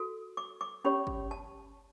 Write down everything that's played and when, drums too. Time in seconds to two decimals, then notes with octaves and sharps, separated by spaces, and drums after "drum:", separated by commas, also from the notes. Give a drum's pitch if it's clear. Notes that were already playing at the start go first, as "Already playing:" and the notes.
Already playing: F#4 A4
0.37 D6
0.61 D6
0.85 C#4 G4 C#5 B5
1.07 drum: kick
1.31 A5